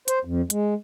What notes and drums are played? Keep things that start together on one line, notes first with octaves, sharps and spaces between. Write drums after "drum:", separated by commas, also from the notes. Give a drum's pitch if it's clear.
C5, drum: hi-hat
F2
G#3, drum: hi-hat